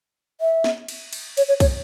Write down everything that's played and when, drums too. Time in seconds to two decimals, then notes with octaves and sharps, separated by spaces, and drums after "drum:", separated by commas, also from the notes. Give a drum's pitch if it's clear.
0.41 E5
0.64 drum: snare
0.88 drum: cymbal
1.13 drum: cymbal
1.37 C#5, drum: cymbal
1.49 C#5
1.60 C#5, drum: kick B1, cymbal